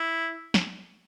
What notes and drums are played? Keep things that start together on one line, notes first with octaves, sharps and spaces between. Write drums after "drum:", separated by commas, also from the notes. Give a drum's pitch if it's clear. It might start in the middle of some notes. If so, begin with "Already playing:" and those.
Already playing: E4
drum: snare